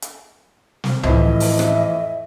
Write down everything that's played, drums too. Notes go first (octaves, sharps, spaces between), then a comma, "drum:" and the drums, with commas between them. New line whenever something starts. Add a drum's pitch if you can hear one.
drum: hi-hat
drum: snare
F2 A2 E3 D#5 E5, drum: tom C#2
drum: open hi-hat
drum: rim click